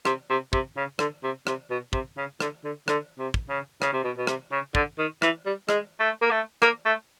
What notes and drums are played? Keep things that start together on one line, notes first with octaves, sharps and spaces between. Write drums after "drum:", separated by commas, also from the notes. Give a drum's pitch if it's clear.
C3, drum: rim click
C3
C3, drum: kick
C#3
D3, drum: rim click
C3
C3, drum: rim click
B2
C3, drum: kick
C#3
D3, drum: rim click
D3
D3, drum: rim click
C3
drum: kick
C#3
C#3, drum: rim click
C3
B2
B2
C3, drum: rim click
C#3
D3, drum: kick
D#3
E3, drum: rim click
G3
G#3, drum: rim click
A3
A#3
A3
A#3, drum: rim click
A3